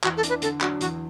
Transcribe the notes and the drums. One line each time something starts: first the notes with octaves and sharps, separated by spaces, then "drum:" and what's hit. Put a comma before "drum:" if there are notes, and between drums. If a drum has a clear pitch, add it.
E2 F#4, drum: clap
A4
E3 D4, drum: hi-hat
B4
D3 A4, drum: hi-hat
F#3 D4 F#4, drum: clap
E2 F#4, drum: hi-hat